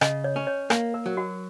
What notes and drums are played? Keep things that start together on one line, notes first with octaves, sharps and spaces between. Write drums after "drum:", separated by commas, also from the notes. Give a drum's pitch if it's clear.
C#3 D#5, drum: rim click
C#5
C#4
C#5
A#3, drum: rim click
A#4
F#3
F#4